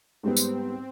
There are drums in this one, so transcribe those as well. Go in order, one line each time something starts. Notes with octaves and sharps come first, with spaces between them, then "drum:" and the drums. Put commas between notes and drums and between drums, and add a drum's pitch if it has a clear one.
G#2 G3 B3 C4
drum: tambourine